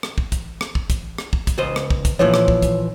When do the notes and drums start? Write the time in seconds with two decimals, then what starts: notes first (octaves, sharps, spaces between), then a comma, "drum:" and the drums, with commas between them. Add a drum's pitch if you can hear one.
0.03 drum: rim click
0.18 drum: kick
0.32 drum: kick, hi-hat
0.61 drum: rim click
0.75 drum: kick
0.90 drum: kick, hi-hat
1.18 drum: rim click
1.33 drum: kick
1.47 drum: kick, hi-hat
1.58 C#2 C5 D#5
1.76 drum: rim click
1.90 drum: kick
2.05 drum: kick, hi-hat
2.19 A#2 E3 F3 C#5
2.34 drum: rim click
2.48 drum: kick
2.62 drum: kick, hi-hat